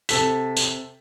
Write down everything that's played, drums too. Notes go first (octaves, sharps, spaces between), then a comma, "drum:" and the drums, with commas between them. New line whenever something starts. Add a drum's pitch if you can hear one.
C3 A4 B6, drum: tambourine
drum: tambourine